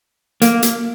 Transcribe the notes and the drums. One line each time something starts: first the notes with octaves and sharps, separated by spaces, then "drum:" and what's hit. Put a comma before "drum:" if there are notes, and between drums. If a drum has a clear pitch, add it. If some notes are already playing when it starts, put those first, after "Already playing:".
A#3, drum: hi-hat
drum: hi-hat